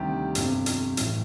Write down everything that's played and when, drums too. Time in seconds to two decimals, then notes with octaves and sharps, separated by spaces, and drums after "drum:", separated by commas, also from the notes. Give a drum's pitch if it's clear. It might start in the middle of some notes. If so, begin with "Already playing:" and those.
Already playing: D2 C3 D#3 G3 G4
0.35 G1 F2 C3, drum: hi-hat
0.66 drum: hi-hat
0.97 A1 A2 E3, drum: hi-hat